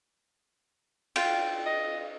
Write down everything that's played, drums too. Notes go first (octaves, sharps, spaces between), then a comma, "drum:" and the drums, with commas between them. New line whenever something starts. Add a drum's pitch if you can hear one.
F4 G5, drum: cymbal
D#5